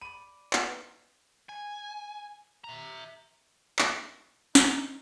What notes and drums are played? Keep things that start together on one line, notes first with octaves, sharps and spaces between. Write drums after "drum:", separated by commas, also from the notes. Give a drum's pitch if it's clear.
D5 B5 D#7
B4 E7, drum: clap
G#5
E5 A#5
drum: clap
D#4, drum: snare